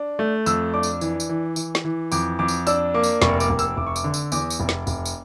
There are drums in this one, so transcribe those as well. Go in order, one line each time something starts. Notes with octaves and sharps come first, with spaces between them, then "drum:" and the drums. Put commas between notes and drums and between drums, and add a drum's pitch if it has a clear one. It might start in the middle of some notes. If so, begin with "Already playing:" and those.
Already playing: D4
A3
F2 E6, drum: tambourine
D4 D6
drum: tambourine
E3, drum: tambourine
drum: tambourine
E3
E3, drum: tambourine
drum: snare
E3
F2 D6, drum: tambourine
F2 D6
drum: tambourine
D4 E6, drum: tambourine
A#3 D6
drum: tambourine
F1 C#6, drum: snare
D6, drum: tambourine
F1
E6, drum: tambourine
F1 D6
C#6
D6, drum: tambourine
D3
drum: tambourine
E2 D6, drum: tambourine
drum: tambourine
F1
drum: snare
F1, drum: tambourine
drum: tambourine